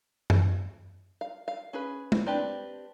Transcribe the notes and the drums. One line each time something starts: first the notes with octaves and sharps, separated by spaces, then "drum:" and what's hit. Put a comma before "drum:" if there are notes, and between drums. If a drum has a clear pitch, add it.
drum: tom F#2
F5
F5
C#4 G#4 B4
drum: tom
C4 D4 G4 B4